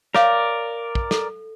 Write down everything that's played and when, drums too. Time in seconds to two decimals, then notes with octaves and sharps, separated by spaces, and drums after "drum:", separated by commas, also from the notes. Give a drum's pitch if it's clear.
0.15 A#4 C#5 D5 F5, drum: snare
0.95 drum: kick
1.11 A4, drum: snare